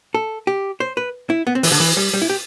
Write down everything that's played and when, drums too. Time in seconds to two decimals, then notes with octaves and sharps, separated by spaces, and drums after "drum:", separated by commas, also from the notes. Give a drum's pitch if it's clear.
0.14 A4
0.47 G4
0.80 C5
0.97 B4
1.30 E4
1.47 B3
1.55 C4
1.63 E3, drum: open hi-hat
1.72 D3
1.80 E3
1.97 G3
2.13 G3
2.22 E4
2.30 G4